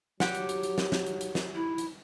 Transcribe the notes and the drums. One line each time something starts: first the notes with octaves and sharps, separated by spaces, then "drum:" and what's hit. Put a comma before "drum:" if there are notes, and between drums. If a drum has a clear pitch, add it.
F#3 G4 F#5, drum: snare
drum: hi-hat
drum: hi-hat
drum: hi-hat
drum: snare
drum: snare
drum: hi-hat
drum: hi-hat
drum: snare
E4
drum: hi-hat